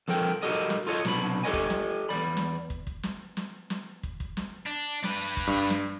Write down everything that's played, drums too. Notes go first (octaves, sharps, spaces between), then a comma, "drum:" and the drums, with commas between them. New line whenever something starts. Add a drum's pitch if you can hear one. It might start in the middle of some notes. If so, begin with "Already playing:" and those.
F2 F3 A4 A#4 G5
E4 F#4 G4 A4 A#4 D#5
drum: snare
F4 A4 C#5 D#5
C2 B2 F#3 D4 B5, drum: snare
G4 A4 B4 C#5 D#5 G#5
drum: kick
drum: snare
E2 G#2 D5 B5
drum: snare
drum: kick
drum: kick
drum: snare
drum: snare
drum: snare
drum: kick
drum: kick
drum: snare
D4
D4 B4, drum: snare
drum: kick
G2
drum: snare